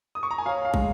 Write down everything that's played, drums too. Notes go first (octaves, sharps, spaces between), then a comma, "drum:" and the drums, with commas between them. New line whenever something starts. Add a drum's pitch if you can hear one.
D#6
C#6
A#5
G#5
C#5 F5
F5
G#3, drum: kick